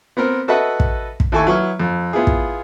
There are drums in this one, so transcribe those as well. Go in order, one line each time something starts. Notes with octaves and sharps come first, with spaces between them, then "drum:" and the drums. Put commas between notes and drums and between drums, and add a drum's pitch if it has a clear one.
B3 C4 A#4
F#4 A4 B4 D#5 E5 F#5
drum: kick
drum: kick
D#2 E4 A4 G#5 C#6
F#3 E4 B4 C#6 F6
F2
B3 E4 F4 G#4
drum: kick